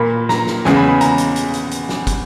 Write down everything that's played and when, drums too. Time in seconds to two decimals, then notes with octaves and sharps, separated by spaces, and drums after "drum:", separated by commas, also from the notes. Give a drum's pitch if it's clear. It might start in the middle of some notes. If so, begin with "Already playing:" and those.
Already playing: A#2 A#3 B5
0.29 A#5, drum: snare
0.47 drum: snare
0.65 E2 C#3 G#3 G#5, drum: snare
0.76 B5
0.88 B5
1.01 A#5, drum: hi-hat
1.18 drum: hi-hat
1.36 drum: hi-hat
1.54 drum: hi-hat
1.71 drum: hi-hat
1.89 drum: snare
2.07 drum: kick, hi-hat